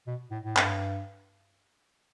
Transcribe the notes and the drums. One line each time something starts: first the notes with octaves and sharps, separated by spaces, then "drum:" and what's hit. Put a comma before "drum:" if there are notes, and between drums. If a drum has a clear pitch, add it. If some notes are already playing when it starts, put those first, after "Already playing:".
B2
A2
A2
G2, drum: clap